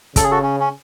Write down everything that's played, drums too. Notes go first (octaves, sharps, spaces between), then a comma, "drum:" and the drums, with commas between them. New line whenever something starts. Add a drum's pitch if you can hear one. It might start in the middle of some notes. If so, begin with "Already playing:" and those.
C#3 A4, drum: kick, hi-hat
G#4
F#4 A4
C#4
C#4